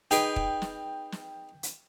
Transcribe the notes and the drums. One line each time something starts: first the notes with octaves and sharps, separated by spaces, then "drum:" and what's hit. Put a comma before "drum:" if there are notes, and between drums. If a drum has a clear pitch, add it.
D#4 G#4 B4 G5 D7, drum: hi-hat
drum: kick
drum: snare
drum: snare
drum: hi-hat